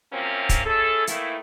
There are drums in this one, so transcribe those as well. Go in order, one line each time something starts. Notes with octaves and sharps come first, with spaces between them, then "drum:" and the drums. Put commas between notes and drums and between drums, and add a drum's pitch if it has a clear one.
F#2 C3 F3 A#3 C4 C#4
drum: kick, hi-hat
C#4 E4 G#4 A4
D#3 E3 A3 A#3 E4, drum: hi-hat